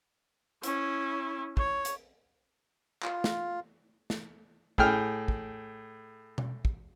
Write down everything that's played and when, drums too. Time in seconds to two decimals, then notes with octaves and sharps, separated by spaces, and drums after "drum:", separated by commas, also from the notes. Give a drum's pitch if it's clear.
0.63 C#4 E4, drum: hi-hat
1.57 C#5, drum: kick
1.85 drum: hi-hat
3.03 F4, drum: clap
3.24 drum: snare
4.10 drum: snare
4.78 A2 G#4 G5 F6, drum: kick
5.28 drum: kick
6.38 drum: tom B2
6.65 drum: kick